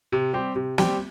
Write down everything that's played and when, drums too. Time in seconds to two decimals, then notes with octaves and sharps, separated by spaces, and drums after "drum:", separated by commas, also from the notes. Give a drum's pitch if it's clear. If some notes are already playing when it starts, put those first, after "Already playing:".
0.12 C3
0.33 G3 C4 G4
0.56 C3
0.78 G3 C4 G4, drum: snare